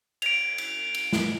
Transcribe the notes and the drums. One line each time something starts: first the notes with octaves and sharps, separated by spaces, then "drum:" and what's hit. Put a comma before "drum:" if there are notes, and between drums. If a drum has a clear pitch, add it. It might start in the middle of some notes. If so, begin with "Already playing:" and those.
D7 F7, drum: cymbal
drum: cymbal
drum: cymbal
drum: snare